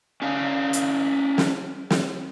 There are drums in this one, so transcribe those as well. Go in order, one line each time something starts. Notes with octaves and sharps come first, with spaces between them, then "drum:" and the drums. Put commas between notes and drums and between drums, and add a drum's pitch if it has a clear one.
C#4 D4 F5
drum: hi-hat
drum: snare
drum: snare